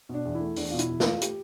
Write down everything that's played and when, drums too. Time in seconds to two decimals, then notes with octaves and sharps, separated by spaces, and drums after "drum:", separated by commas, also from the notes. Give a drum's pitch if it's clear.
0.09 B2 D4
0.25 E2
0.35 E4
0.40 A3
0.56 E2 D4, drum: open hi-hat
0.70 F4
0.73 B2
0.79 E4, drum: hi-hat
0.89 E2
1.00 F4, drum: snare
1.05 A3
1.22 G4, drum: hi-hat